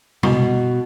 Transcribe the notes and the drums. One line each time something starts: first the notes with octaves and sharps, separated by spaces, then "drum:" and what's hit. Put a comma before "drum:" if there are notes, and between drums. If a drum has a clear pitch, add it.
B2, drum: tom C3